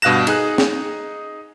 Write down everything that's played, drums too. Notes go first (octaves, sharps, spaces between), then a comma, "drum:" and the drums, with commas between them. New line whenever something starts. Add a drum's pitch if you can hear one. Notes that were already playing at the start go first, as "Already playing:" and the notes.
G2 B2 F5 F#6 A#6 E7
D#4 G#4 F#6, drum: cymbal
drum: snare